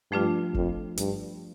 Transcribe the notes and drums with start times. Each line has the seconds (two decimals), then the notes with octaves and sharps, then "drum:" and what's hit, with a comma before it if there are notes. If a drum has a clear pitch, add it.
0.11 G2 F3 A3 D4 F4
0.54 F2, drum: kick
0.97 G2, drum: hi-hat